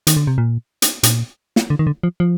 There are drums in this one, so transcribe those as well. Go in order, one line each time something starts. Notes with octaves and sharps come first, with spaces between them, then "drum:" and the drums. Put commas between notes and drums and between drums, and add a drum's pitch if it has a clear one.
D#3, drum: hi-hat
D3
C3
A#2
drum: hi-hat
A#2, drum: hi-hat
drum: snare
D3
D#3
D3
F3
F3